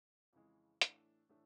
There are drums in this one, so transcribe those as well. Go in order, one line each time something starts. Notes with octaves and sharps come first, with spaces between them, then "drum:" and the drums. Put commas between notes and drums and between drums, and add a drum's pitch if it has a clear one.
F2 C#3 E3 G#3
A2 E3 A3 D4, drum: hi-hat
A2 E3 A3 D4